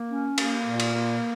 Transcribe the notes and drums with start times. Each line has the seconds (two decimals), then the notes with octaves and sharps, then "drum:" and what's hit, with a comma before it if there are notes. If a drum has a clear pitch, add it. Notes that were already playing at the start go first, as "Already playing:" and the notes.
Already playing: A#3
0.10 C#4
0.38 A#3, drum: cymbal
0.65 A#2
0.80 drum: cymbal
0.93 A#3